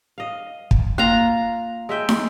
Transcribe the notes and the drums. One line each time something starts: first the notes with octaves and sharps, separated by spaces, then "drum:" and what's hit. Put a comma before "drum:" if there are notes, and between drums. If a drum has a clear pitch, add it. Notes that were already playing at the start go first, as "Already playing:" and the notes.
D#5 F5
drum: kick
A#3 F4 F5 A#5
G#3 E5 G5
drum: snare